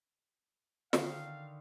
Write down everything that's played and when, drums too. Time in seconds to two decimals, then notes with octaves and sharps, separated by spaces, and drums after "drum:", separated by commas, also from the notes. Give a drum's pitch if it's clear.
0.93 D3 D#3 F5, drum: snare